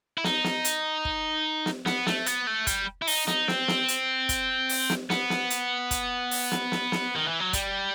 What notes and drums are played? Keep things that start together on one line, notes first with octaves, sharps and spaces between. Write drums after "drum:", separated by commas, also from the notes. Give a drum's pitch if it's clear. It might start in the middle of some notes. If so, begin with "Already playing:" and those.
E4
D#4, drum: snare
drum: snare
drum: hi-hat
drum: kick
drum: snare
B3, drum: snare
A3, drum: snare
B3, drum: hi-hat
A3
G3, drum: kick, hi-hat
E4
D#4, drum: open hi-hat
D#4, drum: snare
C4, drum: snare
drum: snare
drum: hi-hat
drum: kick, hi-hat
drum: open hi-hat
drum: snare
B3, drum: snare
drum: snare
drum: hi-hat
drum: kick, hi-hat
drum: open hi-hat
drum: snare
drum: snare
drum: snare
D#3
E3
F#3
G3, drum: kick, hi-hat